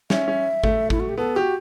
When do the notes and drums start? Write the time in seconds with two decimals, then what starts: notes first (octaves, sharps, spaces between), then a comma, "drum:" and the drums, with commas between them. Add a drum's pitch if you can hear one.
0.10 C#4 E5, drum: snare
0.28 C#4
0.64 A3, drum: kick G#1
0.90 E4, drum: kick G#1
1.00 F#4
1.09 G4
1.18 B3 A4
1.36 F#4 G4